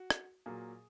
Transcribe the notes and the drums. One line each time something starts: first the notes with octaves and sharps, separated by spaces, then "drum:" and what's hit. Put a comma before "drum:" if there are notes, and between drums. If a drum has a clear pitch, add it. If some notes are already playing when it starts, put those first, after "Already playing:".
Already playing: F#4
drum: rim click
A#2 F#3 A#3 G#4